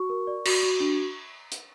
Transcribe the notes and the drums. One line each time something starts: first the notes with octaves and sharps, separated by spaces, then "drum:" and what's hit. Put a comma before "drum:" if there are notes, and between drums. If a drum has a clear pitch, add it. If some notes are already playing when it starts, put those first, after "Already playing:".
Already playing: F#4 C#6
A#4
D5
F#4, drum: cymbal
F#4
D4
drum: hi-hat